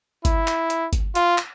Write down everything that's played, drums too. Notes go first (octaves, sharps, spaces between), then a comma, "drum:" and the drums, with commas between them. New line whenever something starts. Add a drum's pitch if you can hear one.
E4, drum: kick G1, hi-hat
drum: clap
drum: hi-hat
drum: kick G1, hi-hat
F4, drum: hi-hat
drum: clap